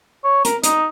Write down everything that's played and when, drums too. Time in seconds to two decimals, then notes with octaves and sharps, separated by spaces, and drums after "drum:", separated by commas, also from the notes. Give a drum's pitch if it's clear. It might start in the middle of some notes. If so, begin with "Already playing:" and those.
0.24 C#5
0.45 A#4, drum: hi-hat
0.63 D#4, drum: hi-hat